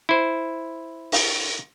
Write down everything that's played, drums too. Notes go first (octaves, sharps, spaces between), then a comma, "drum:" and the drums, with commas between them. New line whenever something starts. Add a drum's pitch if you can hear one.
E4 C5
drum: open hi-hat